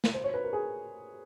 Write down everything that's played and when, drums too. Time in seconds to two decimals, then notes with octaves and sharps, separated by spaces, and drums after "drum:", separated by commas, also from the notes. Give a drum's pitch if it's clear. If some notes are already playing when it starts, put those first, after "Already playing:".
0.04 drum: snare
0.14 C5
0.24 C#5
0.34 B4
0.44 A#4
0.53 G#4